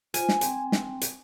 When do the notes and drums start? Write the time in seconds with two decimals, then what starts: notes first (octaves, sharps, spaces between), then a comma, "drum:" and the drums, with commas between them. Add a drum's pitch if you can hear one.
0.14 F4 C5 G#5, drum: hi-hat
0.29 drum: snare
0.41 C4 G5, drum: hi-hat
0.72 drum: snare
1.01 drum: hi-hat